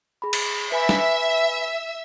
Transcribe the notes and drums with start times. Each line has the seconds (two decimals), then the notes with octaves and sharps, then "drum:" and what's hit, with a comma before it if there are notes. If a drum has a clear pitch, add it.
0.22 G#4 B5
0.33 drum: cymbal
0.72 B4 E5 G#5 B5 E6
0.89 drum: snare